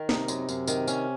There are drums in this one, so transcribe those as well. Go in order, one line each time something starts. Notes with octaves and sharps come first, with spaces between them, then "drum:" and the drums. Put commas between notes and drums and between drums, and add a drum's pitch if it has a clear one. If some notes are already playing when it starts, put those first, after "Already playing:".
Already playing: D#3
C3 D#4, drum: snare
F#2, drum: tambourine
F#2, drum: tambourine
D#3, drum: tambourine
C#4, drum: tambourine